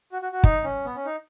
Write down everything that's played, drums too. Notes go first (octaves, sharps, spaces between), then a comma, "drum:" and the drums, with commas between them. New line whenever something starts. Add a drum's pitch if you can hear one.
F#4
F#4
F#4
D#4, drum: kick
C#4
B3
C#4
D#4